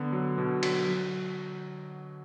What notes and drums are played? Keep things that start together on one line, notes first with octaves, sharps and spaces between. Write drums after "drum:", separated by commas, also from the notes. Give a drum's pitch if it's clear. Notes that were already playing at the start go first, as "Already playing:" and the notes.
Already playing: D3 B3
F#3
B2
F#3, drum: cymbal
F#3